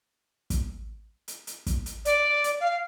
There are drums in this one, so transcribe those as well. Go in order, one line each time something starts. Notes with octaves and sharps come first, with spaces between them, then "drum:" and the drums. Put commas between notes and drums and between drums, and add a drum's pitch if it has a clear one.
drum: kick, hi-hat
drum: hi-hat
drum: hi-hat
drum: kick, hi-hat
drum: hi-hat
D5, drum: hi-hat
drum: hi-hat
F5